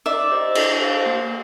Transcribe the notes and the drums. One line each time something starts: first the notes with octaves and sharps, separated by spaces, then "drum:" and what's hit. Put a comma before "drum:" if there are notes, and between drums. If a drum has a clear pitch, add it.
D#4 D5 E5
G4 C5 D#5
D4, drum: cymbal
G4 C5 F5 A5
A#3